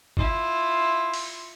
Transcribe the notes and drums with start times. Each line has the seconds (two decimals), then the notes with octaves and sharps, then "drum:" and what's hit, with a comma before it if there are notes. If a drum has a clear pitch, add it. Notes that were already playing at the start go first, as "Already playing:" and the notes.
0.17 E4 F4, drum: kick
1.14 drum: open hi-hat